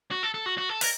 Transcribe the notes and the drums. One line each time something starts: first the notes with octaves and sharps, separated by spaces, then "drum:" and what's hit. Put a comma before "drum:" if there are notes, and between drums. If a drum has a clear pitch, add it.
F#4
A4
A4
F#4
F#4
A4
A#4, drum: open hi-hat